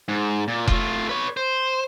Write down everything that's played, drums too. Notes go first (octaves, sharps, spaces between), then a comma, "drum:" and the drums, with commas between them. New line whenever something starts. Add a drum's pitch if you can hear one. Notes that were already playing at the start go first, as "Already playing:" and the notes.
G#2
A#2
A3 F4, drum: kick F1
B4 C#5
C5